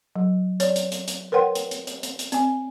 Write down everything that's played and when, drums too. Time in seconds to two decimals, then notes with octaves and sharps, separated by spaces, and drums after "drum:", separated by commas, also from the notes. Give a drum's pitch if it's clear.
0.16 F#3
0.60 C#5 D5, drum: hi-hat
0.76 drum: hi-hat
0.92 drum: hi-hat
1.08 drum: hi-hat
1.32 A#4 B4 C#5 F#5 G5 C6
1.55 drum: hi-hat
1.71 drum: hi-hat
1.87 drum: hi-hat
2.03 drum: hi-hat
2.19 drum: hi-hat
2.32 C4 G#5, drum: hi-hat